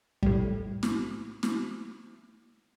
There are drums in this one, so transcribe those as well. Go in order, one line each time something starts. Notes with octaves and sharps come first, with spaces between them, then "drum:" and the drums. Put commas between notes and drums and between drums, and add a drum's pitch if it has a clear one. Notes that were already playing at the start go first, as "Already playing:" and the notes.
A2 G3, drum: kick
drum: snare
drum: snare